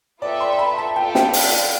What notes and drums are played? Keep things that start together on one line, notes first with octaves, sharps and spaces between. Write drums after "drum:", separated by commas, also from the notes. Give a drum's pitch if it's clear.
B3 F4 A4 D5 E5 G5
C6
B5
A5
B3 F4 A4 D5 G5
G5, drum: snare
G5, drum: open hi-hat
F5